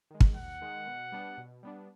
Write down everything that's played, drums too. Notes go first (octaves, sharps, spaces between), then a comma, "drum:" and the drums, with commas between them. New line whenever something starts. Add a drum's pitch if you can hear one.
D#3 G#3
drum: kick
D#2 F#5
D#3 G#3
B2
G3 B3 D4
B2
G3 B3 D4